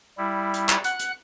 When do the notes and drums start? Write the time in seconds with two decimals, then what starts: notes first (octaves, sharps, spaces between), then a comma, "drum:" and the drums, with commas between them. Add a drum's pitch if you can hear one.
0.18 G3 E4
0.54 drum: hi-hat
0.69 drum: clap
0.84 F#5 F#6, drum: hi-hat
1.00 drum: hi-hat